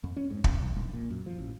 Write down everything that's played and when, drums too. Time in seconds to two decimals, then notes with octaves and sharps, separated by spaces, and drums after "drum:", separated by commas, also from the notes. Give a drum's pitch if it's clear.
0.04 F2
0.17 C#4
0.30 G#2
0.44 E2, drum: kick
0.60 B1
0.76 A#1
0.93 A#2
1.10 F#2
1.26 F3
1.39 A1